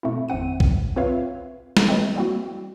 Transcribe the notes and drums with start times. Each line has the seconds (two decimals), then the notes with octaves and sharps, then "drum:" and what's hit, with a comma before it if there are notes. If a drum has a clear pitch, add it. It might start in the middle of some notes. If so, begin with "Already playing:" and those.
0.03 B2 A3 C4 E4
0.28 G#1 F2 C4 F#5 D#7
0.60 drum: kick
0.96 C4 F4 B4 C#5 E5 F5
1.77 drum: snare
1.89 E3 F#3 G#3 A3 C4
2.15 G3 A#3 C4 E4 F#4